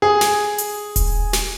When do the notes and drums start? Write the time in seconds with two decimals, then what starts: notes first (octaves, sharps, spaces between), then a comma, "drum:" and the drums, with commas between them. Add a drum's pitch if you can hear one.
0.02 G#4
0.21 drum: snare
0.58 drum: hi-hat
0.96 drum: kick D#1, hi-hat
1.33 drum: snare